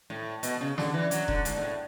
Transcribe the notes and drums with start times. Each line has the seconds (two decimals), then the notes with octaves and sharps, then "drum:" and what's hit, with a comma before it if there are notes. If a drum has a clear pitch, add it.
0.10 A2
0.43 B2, drum: hi-hat
0.61 C#3
0.78 D3, drum: snare
0.94 E3
1.11 F#3, drum: hi-hat
1.28 D3, drum: kick E1
1.45 G#2, drum: hi-hat
1.57 B2
1.61 A2